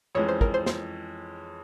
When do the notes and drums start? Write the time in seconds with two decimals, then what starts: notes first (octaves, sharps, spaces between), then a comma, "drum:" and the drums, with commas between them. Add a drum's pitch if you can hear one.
0.15 F2 E3 G#3 C#4 C#5
0.28 C5
0.41 A#4, drum: kick
0.54 C5
0.66 C5, drum: snare